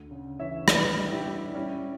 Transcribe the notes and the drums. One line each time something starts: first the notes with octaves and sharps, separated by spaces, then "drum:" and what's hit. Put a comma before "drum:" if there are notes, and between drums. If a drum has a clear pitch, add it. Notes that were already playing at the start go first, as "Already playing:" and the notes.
Already playing: D2
C#3
E3 C#5 E5
G3 B4 D5, drum: rim click
G3
E4 G4
G3
G3 C#4 E4